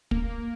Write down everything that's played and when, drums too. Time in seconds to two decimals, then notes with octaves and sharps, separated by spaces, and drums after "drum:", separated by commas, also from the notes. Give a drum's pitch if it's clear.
0.11 A#3, drum: kick